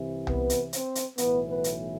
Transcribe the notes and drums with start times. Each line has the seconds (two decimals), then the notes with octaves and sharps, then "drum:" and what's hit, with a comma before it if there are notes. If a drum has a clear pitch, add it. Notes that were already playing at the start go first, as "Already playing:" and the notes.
Already playing: C2 C3 E3
0.27 B3 B4, drum: tom C2
0.50 drum: hi-hat
0.73 C4 C5, drum: hi-hat
0.95 drum: hi-hat
1.18 B1 A2 E3 B3 B4, drum: hi-hat
1.48 B3 B4
1.64 drum: hi-hat